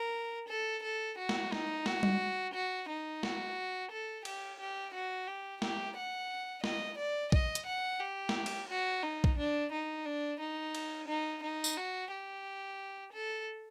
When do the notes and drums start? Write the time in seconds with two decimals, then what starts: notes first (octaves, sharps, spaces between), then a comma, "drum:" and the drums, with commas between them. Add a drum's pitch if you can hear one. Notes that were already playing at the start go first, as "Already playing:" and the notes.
Already playing: A#4
0.49 A4
0.83 A4
1.18 F#4
1.29 drum: snare
1.52 D#4, drum: snare
1.86 F#4, drum: snare
2.03 drum: tom G3
2.54 F#4
2.89 D#4
3.23 F#4, drum: snare
3.91 A4
4.25 G4, drum: cymbal
4.60 G4
4.94 F#4
5.27 G4
5.62 G4, drum: snare
5.97 F#5
6.64 D#5, drum: snare
6.98 D5
7.32 D#5, drum: kick
7.55 drum: hi-hat
7.67 F#5
8.00 G4
8.29 drum: snare
8.46 drum: cymbal
8.69 F#4
9.03 D#4
9.24 drum: kick
9.38 D4
9.72 D#4
10.06 D4
10.40 D#4
10.75 drum: cymbal
11.08 D#4
11.43 D#4
11.64 drum: tambourine
11.77 F#4
12.11 G4
13.13 A4